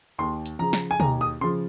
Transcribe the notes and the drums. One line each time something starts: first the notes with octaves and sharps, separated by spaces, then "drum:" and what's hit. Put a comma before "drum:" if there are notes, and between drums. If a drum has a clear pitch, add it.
D#2 C6
drum: hi-hat
C#3 F3 A#5
drum: snare
G#5
D#2 A#5, drum: tom
D#6
C#3 F3 C6